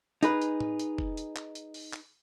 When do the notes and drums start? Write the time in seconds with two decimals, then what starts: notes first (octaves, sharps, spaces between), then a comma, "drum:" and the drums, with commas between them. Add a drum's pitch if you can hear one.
0.23 D#4 G#4 B4, drum: hi-hat
0.42 drum: hi-hat
0.60 drum: tom A2
0.79 drum: hi-hat
0.98 drum: kick
1.17 drum: hi-hat
1.36 drum: clap
1.55 drum: hi-hat
1.74 drum: open hi-hat
1.93 drum: clap